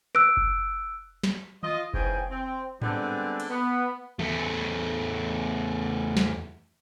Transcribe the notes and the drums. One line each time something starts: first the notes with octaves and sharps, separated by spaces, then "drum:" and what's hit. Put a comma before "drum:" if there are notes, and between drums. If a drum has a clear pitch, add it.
E6 F#6 D7, drum: rim click
drum: kick F#1
drum: snare
F4 D#5, drum: tom D#3
G#2 C#3 E3 G#4 G5, drum: kick F#1
C4
D3 G3 G#3 B3 C4 D4, drum: tom G#2
drum: cymbal
B3
E2 A3, drum: tom D#3
drum: snare